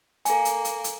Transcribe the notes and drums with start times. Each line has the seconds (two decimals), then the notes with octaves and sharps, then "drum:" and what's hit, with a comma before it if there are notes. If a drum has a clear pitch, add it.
0.25 A#3 A4 G#5, drum: hi-hat
0.45 drum: hi-hat
0.65 drum: hi-hat
0.84 drum: hi-hat